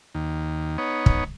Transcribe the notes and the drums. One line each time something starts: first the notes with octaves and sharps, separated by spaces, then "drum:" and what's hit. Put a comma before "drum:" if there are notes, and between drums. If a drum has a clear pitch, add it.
D#2
B3 D#4 C#5
drum: kick